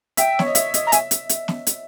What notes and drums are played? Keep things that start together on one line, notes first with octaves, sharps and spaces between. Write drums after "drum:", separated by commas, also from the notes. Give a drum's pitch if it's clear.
E5 G5, drum: hi-hat
C#5, drum: snare
D#5
E5, drum: hi-hat
D#5, drum: hi-hat
A#5
E5 G#5, drum: hi-hat
drum: hi-hat
drum: hi-hat
drum: snare
drum: hi-hat